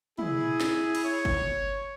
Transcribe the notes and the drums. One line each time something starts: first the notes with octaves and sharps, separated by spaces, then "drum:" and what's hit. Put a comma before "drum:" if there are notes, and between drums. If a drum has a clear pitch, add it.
E4 G#4, drum: tom
drum: snare
drum: cymbal
C#5
drum: kick G1